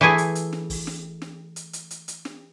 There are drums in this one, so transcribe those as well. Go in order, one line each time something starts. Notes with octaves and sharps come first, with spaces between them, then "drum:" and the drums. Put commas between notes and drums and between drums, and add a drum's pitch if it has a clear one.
E3 A3 E4 G#4
drum: hi-hat
drum: hi-hat
drum: snare
drum: kick, open hi-hat
drum: snare
drum: snare
drum: hi-hat
drum: hi-hat
drum: hi-hat
drum: hi-hat
drum: snare